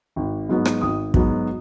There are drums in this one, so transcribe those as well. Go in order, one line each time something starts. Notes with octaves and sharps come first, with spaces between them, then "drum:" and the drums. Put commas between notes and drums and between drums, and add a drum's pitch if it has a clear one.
G#1
G#2 F#3 B3
drum: rim click
G#1 D#6
G#2 F#3 B3, drum: kick